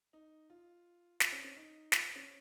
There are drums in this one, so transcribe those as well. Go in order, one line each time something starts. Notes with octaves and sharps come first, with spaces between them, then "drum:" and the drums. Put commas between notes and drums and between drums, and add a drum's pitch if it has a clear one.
D#4
F4
F4, drum: snare
C#4
C#4
D#4
F4, drum: snare
C#4